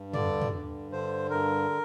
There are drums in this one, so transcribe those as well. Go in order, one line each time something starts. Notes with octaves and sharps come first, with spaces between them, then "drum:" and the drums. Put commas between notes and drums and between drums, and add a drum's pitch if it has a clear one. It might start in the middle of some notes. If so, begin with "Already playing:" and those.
Already playing: G2
D3 D5, drum: tom
drum: tom
G2
D3 C5
G2 A#4